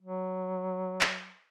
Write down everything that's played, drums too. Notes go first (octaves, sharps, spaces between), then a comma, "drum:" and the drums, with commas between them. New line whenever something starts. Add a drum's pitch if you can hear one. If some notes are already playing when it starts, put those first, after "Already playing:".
F#3
drum: clap